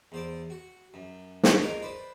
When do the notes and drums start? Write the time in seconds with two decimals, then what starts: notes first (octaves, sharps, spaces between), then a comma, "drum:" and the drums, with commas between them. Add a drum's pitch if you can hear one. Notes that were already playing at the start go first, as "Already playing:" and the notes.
0.12 E2 C5 D5
0.50 F#4
0.94 F#2
1.43 drum: snare
1.62 F4 G#4 A#4 D5 D#5 F5
1.82 B4 C5 D5